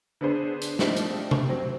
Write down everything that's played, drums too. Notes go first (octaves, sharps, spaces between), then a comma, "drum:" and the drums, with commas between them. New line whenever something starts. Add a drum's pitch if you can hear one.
D3 B3 D4 G#4 C5
drum: hi-hat
F3 G3 A3 C4 D4 D#4, drum: snare
drum: hi-hat
drum: tom C3
F#3 C4